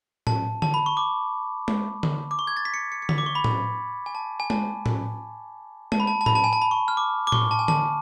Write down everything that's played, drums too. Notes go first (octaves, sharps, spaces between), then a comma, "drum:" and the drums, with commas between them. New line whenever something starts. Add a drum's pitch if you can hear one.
A5, drum: tom A2
A5, drum: tom D3
B5
C#6
D6
drum: tom G#3
drum: tom D3
D6
C#6
G#6
A6
B6
C#7
C#7
C#7
B6, drum: tom D3
D6
C#6
B5
drum: tom A2
G#5
A5
G#5
A5, drum: tom G#3
drum: tom A2
A5, drum: tom G#3
B5
A5
A5
B5, drum: tom A2
A5
G#5
A5
B5
C#6
F6
D6
D6
C#6, drum: tom A2
A5
G#5
A5, drum: tom D3